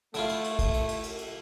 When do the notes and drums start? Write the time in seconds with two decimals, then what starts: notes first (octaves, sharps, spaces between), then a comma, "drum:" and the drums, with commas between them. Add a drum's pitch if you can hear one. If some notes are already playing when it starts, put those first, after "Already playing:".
0.14 D3 A3 E4 F4, drum: cymbal
0.29 drum: cymbal
0.44 drum: cymbal
0.59 drum: kick, cymbal
0.74 drum: cymbal
0.89 drum: cymbal
1.03 drum: cymbal
1.18 drum: cymbal